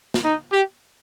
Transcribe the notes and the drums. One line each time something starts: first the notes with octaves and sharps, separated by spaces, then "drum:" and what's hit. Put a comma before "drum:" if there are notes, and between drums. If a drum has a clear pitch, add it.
drum: snare
D#4
G4